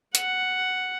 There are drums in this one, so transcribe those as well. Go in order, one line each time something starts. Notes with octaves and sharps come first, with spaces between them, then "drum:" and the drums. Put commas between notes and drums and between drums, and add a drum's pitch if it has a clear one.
F#5, drum: hi-hat